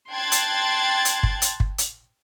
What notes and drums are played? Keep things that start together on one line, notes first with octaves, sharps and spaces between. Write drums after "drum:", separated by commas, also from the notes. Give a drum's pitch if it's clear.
G5 A5 C6 F#6 G#6 A6
drum: hi-hat
drum: hi-hat
drum: kick
drum: hi-hat
drum: kick
drum: hi-hat